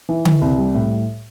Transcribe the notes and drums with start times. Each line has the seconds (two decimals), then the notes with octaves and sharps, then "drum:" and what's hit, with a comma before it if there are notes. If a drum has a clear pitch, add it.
0.09 E3
0.25 E3, drum: tom D3
0.41 C2
0.58 G3
0.74 A2